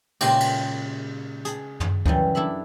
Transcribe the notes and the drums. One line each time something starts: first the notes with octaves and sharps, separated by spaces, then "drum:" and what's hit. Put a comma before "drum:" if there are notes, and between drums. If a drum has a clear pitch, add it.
A#2 C#3 G#3 F4 G4, drum: cymbal
drum: cymbal
G#4 A5 B5, drum: hi-hat
drum: tom
F#2 C#3 E3 G3, drum: kick D2
D4 E4 A4 E5 B5